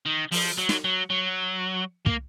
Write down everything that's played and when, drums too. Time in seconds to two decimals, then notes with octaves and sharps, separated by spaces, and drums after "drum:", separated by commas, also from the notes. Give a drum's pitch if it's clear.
0.06 D#3
0.32 F3, drum: open hi-hat
0.58 F#3
0.69 drum: snare
0.84 F#3
1.10 F#3
2.06 A#3, drum: kick